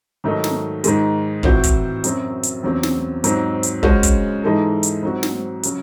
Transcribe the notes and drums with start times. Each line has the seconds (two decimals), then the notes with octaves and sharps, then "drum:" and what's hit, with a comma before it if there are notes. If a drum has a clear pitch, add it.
0.24 G#2 D#3 F#3 A3 D#4
0.44 drum: snare
0.84 G#2 D#3 G#3, drum: hi-hat
1.43 A2 E3 C4 F#4 C5, drum: kick
1.64 drum: kick, hi-hat
2.04 F#2 C#3 F#3 C4, drum: hi-hat
2.43 drum: hi-hat
2.63 E2 C#3 F#3 C4
2.83 drum: snare
3.24 G#2 F#3 C4, drum: hi-hat
3.63 drum: hi-hat
3.83 C#3 G#3 C#4 F#4 C5, drum: kick
4.03 drum: kick, hi-hat
4.43 G#2 E3 G#3 D#4 A4
4.83 drum: hi-hat
5.03 G#2 F#3 C4 F#4
5.23 drum: snare
5.63 C#3 F#3, drum: hi-hat